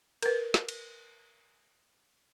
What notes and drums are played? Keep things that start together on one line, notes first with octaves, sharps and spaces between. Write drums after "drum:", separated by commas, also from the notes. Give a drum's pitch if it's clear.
A#4 B4, drum: cymbal
drum: snare
drum: cymbal